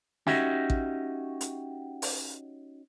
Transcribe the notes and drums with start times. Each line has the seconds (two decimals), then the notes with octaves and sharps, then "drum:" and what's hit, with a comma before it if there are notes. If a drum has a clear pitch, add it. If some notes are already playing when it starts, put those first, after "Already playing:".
0.27 C#4 D#4 F#4 G4 E5, drum: snare
0.70 drum: kick A1
1.41 drum: hi-hat
2.02 drum: open hi-hat